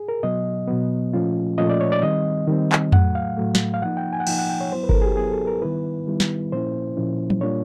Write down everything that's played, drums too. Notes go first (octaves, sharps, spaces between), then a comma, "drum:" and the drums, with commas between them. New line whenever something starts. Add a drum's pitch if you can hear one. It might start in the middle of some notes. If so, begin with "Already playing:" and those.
Already playing: G#4
A#4
B2 F#3 B3 D#5
B2 F#3 B3
A#2 F3 A3 C#4 F4
A#2 F3 A3 C#4 F4 D#5
D5
C#5
D5
D#3 G3 C4 D#5
D#3 G3 C4
drum: clap
A2 F#3 A3 F#5, drum: tom F2
F5
A2 F#3 A3
drum: snare
F5
F3 A#3 D#4 F#5
G5
G#5
F#5
F3 A#3 D#4 G5, drum: cymbal
F#5
G5
C#5
F#3 B3 E4 C5
B4
A#4, drum: kick G1
A4
G#4
G4
F#3 B3 E4 G#4
A4
A#4
D#3 G3 B3 E4 B4
D#3 G3 B3 E4
drum: snare
A#2 F3 A#3 C#4 E4 C5
A#2 F3 A#3 C#4 E4
drum: tom F#3
A#2 G3 A#3 D4 F4 C#5